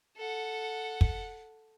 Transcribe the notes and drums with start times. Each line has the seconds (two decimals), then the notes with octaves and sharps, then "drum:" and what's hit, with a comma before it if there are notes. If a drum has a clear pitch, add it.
0.18 A4 F#5
1.01 drum: kick